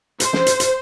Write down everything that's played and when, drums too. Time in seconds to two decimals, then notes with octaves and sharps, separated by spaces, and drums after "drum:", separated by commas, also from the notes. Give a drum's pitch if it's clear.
0.20 C5, drum: hi-hat
0.33 drum: snare
0.46 drum: hi-hat
0.60 drum: hi-hat